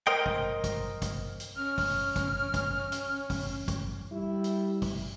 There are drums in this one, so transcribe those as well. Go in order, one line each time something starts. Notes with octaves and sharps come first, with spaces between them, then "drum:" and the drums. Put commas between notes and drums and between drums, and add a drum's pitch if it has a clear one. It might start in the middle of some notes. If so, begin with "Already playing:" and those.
A#4 C5 D#5 G5
drum: kick
drum: kick, hi-hat
drum: kick, hi-hat
drum: hi-hat
C#4 F6
drum: kick, open hi-hat
drum: kick, hi-hat
drum: kick, hi-hat
drum: hi-hat
drum: kick, open hi-hat
drum: kick, hi-hat
G3 E4
drum: hi-hat
drum: kick, open hi-hat